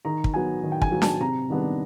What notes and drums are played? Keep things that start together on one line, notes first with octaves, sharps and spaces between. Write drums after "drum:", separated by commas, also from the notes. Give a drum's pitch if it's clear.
D#3 A#5
drum: kick
F#3 B3 G#5
D#3
G5
G#5, drum: kick
F#3 B3
A5, drum: snare D4
C3 A#5
D#3 G3 B3 D4